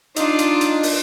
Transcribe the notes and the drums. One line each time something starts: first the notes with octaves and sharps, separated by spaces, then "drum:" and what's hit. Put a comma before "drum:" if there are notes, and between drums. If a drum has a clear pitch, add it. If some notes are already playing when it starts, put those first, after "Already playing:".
D4 D#4 F4, drum: hi-hat
drum: hi-hat
drum: hi-hat
drum: open hi-hat